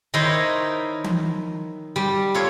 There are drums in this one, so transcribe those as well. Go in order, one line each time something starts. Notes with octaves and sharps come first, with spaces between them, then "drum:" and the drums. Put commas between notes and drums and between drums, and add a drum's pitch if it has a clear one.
D#3 D#4 E4 A#4 C5 C#5
drum: tom E3
G3
F4 A4 C#5